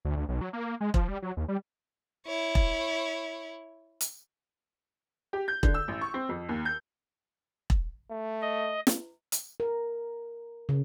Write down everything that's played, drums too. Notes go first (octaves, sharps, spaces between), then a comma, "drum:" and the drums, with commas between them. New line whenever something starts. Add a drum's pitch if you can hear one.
D2
D2
B1
F#3
A#3
G#3
F3, drum: kick E1
G3
F#3
D#2
G3
E4 C#5
drum: kick E1
drum: hi-hat
G4
G6
D3, drum: kick E1
E6
A1
C#6
C4
F2
D#2
G6
drum: kick E1
A3
D#5
drum: snare
drum: hi-hat
A#4
C#3